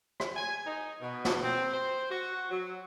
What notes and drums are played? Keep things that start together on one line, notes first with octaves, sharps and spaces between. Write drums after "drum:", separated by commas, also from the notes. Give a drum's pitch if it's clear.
drum: rim click
G#5
D#4
B2
drum: snare
C4
C5
F#4
F#3